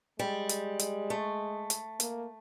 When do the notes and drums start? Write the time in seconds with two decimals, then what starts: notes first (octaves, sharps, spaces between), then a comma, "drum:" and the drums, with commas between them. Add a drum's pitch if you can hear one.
0.19 G3 G#3
0.49 drum: hi-hat
0.79 drum: hi-hat
1.10 A3
1.70 drum: hi-hat
2.00 A#3, drum: hi-hat